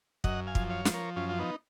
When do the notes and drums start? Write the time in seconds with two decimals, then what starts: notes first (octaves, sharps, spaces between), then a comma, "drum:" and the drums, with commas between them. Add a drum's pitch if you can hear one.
0.24 F#2 D#5 F#5, drum: kick
0.47 F5 G#5
0.55 F3, drum: kick
0.70 C#5 F5
0.85 F3, drum: snare
0.94 A#4 C#5
1.16 F#2 C#4 F4
1.29 F4
1.39 B3 D#4